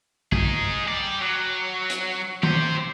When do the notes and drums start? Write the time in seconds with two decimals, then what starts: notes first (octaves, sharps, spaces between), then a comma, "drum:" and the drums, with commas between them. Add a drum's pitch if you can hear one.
0.32 D#4 G#4, drum: kick
0.88 G4 D5
1.21 F#3
1.90 drum: hi-hat
2.43 G4 C5, drum: tom D#3